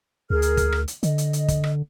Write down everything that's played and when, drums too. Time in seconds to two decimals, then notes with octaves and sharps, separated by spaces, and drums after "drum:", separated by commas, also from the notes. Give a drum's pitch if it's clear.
0.30 D2 G#4 A#4 F6
0.42 drum: hi-hat
0.57 drum: kick, hi-hat
0.72 drum: rim click
0.88 drum: hi-hat
1.03 D3 D#5, drum: hi-hat
1.18 drum: hi-hat
1.33 drum: hi-hat
1.48 drum: kick, hi-hat
1.64 drum: rim click